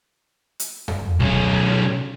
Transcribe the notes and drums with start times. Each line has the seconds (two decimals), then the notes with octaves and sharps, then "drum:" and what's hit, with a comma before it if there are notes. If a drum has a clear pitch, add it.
0.60 drum: hi-hat
0.88 drum: tom F2
1.20 B1 C#4, drum: kick D2